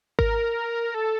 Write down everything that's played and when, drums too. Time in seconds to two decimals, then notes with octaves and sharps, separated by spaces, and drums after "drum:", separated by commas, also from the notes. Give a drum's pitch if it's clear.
0.19 A#4, drum: kick G#1
0.94 A4